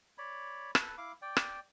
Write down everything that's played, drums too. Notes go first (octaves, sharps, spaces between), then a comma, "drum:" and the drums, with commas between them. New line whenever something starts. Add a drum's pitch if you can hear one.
C#5 D5 B5
A4 B4, drum: rim click
E4 F5 D6
D5 G5
drum: rim click